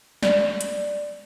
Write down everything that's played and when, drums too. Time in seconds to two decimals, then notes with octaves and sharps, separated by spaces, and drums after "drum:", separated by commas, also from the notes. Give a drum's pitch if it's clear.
0.23 D5, drum: snare
0.61 drum: hi-hat